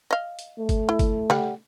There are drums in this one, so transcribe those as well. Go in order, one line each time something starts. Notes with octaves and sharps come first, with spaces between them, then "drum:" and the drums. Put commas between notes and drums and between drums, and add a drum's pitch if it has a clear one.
D#5 F5
drum: hi-hat
A3
drum: kick, hi-hat
E4
drum: kick, hi-hat
G3 F#5, drum: snare